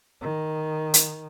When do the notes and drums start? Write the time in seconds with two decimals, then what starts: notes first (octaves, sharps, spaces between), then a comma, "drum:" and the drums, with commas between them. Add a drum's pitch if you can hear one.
0.21 D#3
0.94 drum: hi-hat